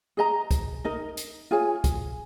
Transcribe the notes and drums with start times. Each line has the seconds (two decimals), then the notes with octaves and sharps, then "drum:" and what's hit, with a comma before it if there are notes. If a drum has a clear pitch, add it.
0.17 G#4 D#5 A#5
0.51 drum: kick, hi-hat
0.84 D#4 A#4 D#5
1.17 drum: hi-hat
1.51 F4 G#4 C#5 G#5
1.84 drum: kick, hi-hat